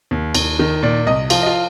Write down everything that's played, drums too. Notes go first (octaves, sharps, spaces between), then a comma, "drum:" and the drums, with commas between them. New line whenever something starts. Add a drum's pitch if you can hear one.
D#2
D#2, drum: cymbal
D#3
A#2 D5
C2 D#5
F3 F4 F5, drum: cymbal
D#5
F4 F5